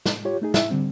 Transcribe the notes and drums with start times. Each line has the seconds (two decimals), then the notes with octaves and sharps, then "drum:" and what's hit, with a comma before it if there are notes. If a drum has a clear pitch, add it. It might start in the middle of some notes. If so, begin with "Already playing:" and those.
0.06 drum: snare
0.25 F4 G4 C#5
0.42 A3 D#4 G#4
0.54 E4 E5, drum: snare
0.71 D3 G3 C4